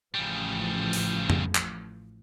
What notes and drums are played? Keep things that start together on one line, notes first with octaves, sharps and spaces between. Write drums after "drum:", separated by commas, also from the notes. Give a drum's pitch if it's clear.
A1 C#3 F3 G3
drum: open hi-hat
drum: tom F2
drum: clap